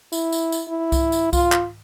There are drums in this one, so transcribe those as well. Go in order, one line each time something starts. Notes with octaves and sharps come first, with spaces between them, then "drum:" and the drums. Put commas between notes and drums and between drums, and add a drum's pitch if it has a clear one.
E4, drum: tambourine
drum: tambourine
drum: tambourine
E4
drum: kick C2, tambourine
drum: tambourine
F4, drum: kick C2, tambourine
drum: clap